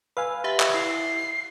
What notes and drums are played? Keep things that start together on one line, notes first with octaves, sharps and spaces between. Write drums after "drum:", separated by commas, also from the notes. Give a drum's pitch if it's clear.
B4 F5 G#5 E6
G4 E5 F#5 B5
drum: clap
E4 C7